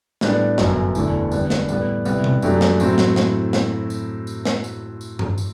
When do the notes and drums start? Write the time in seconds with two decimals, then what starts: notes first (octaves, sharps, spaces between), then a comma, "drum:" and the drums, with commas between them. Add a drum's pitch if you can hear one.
0.21 A2 G3 B3 D4, drum: snare
0.58 G1 F#2 F#3, drum: snare
0.95 E1 E2 D3 A3 E4, drum: tambourine
1.32 D3 G3 B3, drum: tambourine
1.50 drum: snare
1.69 A2 G3 B3, drum: tambourine
2.05 C3 G3 B3 E4, drum: tambourine
2.24 drum: tom B2
2.42 F#2 F#3 A3 D4 G4, drum: tambourine
2.61 drum: snare
2.80 A2 F#3 A3 C4 E4, drum: tambourine
2.98 drum: snare
3.16 drum: snare
3.53 drum: snare
3.90 drum: tambourine
4.27 drum: tambourine
4.45 drum: snare
4.64 drum: tambourine
5.01 drum: tambourine
5.19 drum: tom G2
5.38 drum: tambourine